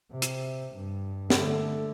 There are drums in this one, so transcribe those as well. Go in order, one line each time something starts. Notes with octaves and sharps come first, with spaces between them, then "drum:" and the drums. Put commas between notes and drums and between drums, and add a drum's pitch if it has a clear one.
C3
drum: hi-hat
G2
D3 A3, drum: snare